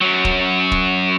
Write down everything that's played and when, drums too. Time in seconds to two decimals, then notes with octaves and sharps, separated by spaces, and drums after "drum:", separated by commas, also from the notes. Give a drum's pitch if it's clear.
0.01 F#2 F#3
0.25 drum: kick
0.72 drum: kick